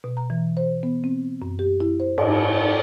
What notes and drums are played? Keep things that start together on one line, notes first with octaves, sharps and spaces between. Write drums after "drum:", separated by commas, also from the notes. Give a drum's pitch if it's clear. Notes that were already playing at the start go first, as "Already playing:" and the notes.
B2
A#5
E3
C5
B3
C4
F#2
G4
E4
C5
G#2, drum: cymbal
D5